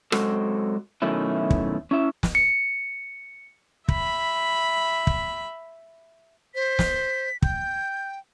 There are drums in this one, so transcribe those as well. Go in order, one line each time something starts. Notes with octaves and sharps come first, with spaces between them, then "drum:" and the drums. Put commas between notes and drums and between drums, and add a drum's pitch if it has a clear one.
F#3 G#3 C4 F#4 A4, drum: rim click
B2 D#3 F#3 A3 C#4 E4
drum: kick
C#4 E4 E5
drum: snare
C#7
E5 B5, drum: kick
drum: kick
C5 B6
drum: snare
G5 G6, drum: kick